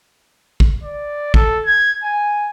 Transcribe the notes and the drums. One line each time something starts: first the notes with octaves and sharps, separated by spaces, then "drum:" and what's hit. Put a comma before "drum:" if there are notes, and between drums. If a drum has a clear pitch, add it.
drum: kick
D5
A4, drum: kick
G#6
G#5